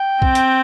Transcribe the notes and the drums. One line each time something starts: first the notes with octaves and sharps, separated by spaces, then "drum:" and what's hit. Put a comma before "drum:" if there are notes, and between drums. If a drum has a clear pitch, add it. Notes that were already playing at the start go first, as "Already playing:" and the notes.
Already playing: G5
C4, drum: kick
drum: hi-hat